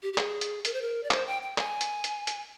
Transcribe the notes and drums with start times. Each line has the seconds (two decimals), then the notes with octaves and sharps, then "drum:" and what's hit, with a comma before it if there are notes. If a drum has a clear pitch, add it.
0.03 G4
0.13 G4
0.18 G#4, drum: clap
0.41 drum: hi-hat
0.65 A#4, drum: hi-hat
0.73 C5
0.82 A#4
1.03 D5
1.11 C5, drum: clap
1.27 G5
1.42 G5
1.58 G#5, drum: clap
1.81 drum: hi-hat
2.04 drum: hi-hat
2.27 drum: hi-hat